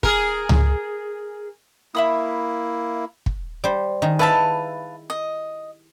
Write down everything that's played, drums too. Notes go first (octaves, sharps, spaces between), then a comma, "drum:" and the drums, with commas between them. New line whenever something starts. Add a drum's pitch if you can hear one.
G#4 A#4, drum: kick
drum: tom C#2
A#3 E4 E5 B5 D#6
drum: kick
G3 C5
D#3 G#4
E4 B4 E5 F5 A5
D#5